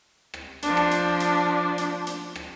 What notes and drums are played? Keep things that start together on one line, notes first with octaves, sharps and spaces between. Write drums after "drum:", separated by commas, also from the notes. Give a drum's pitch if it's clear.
drum: rim click
F3 D4, drum: hi-hat
drum: rim click
drum: hi-hat
drum: hi-hat
drum: hi-hat
drum: hi-hat
drum: rim click